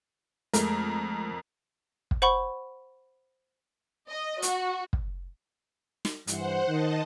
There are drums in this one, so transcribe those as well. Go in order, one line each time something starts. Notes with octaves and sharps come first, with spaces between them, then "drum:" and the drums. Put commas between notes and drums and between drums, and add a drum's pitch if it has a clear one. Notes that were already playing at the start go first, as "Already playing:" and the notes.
F2 G#3 A3 A#4, drum: hi-hat
drum: kick
C5 F#5 B5 C#6
D#5
F#4, drum: hi-hat
drum: kick
drum: snare
G2 E3 C5 F#5, drum: hi-hat
D#3 D#5 A5